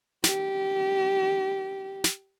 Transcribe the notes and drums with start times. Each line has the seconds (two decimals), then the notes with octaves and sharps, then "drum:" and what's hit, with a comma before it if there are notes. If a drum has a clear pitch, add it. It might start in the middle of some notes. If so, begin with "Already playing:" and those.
0.24 G4, drum: snare
2.04 drum: snare